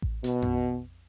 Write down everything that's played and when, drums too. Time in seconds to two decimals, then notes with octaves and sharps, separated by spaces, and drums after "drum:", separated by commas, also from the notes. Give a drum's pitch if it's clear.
0.02 drum: kick A1
0.24 B2, drum: hi-hat
0.42 drum: tom F2